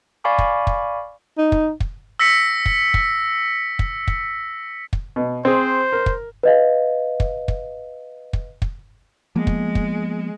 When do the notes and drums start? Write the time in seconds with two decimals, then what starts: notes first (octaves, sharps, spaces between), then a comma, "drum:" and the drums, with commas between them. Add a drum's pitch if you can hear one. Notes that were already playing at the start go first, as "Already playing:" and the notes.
0.24 D5 F5 G#5 B5 C#6 D6
0.38 drum: kick
0.67 drum: kick
1.38 D#4
1.52 drum: kick
1.80 drum: kick
2.19 E6 A#6 B6 C#7
2.66 drum: kick
2.94 drum: kick
3.79 drum: kick
4.08 drum: kick
4.93 drum: kick
5.16 B2
5.45 C4 G#4 C5
5.93 A#4
6.06 drum: kick
6.43 B4 D#5 F5
7.20 drum: kick
7.48 drum: kick
8.33 drum: kick
8.62 drum: kick
9.36 F3 G#3 A#3 B3
9.47 drum: kick
9.75 drum: kick